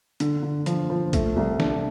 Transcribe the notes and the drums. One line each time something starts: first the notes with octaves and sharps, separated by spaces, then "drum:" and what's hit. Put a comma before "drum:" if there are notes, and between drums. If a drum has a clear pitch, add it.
D3, drum: hi-hat
D3
F3, drum: hi-hat
F3
A3, drum: kick A#1, hi-hat
C2
D4, drum: snare